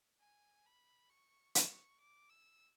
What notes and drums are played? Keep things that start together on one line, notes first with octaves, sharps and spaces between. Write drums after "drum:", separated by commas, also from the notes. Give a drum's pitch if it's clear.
G#5
B5
C#6
C#6, drum: hi-hat
D6
E6